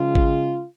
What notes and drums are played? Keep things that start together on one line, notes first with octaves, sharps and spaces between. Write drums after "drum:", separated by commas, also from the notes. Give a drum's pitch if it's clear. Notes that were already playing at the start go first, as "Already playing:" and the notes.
Already playing: C#3 F3 G#3 F4
drum: kick G#1